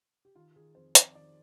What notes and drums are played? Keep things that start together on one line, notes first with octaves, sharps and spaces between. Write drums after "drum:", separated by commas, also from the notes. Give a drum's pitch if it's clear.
G4
D#3 F4
D#3 G#4
F2 C5
F2 D5, drum: hi-hat
D#3 D5